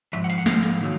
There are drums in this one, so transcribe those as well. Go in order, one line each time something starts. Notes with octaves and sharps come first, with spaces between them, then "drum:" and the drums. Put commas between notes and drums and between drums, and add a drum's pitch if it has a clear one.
G#2 F3 E5
F#5
F5, drum: hi-hat
F#5
F5, drum: snare
drum: hi-hat
D#3 F#3